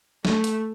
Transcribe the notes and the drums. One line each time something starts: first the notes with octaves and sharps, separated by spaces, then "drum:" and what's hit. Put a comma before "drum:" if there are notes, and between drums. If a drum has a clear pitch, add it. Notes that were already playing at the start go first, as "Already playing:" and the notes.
A3, drum: snare
drum: hi-hat